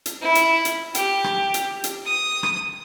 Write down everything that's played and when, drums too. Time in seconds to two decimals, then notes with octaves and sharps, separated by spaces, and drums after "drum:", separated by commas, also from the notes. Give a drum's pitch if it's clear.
0.06 drum: hi-hat
0.22 E4
0.35 drum: hi-hat
0.65 drum: hi-hat
0.95 G4, drum: hi-hat
1.24 drum: rim click
1.54 drum: hi-hat
1.84 drum: hi-hat
2.05 D#6
2.43 drum: rim click